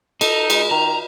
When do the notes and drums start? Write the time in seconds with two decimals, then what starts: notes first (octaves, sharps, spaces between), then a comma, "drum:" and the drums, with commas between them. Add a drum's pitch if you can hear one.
0.21 D#4 A4, drum: cymbal
0.50 G#3, drum: cymbal
0.71 D#3 A#5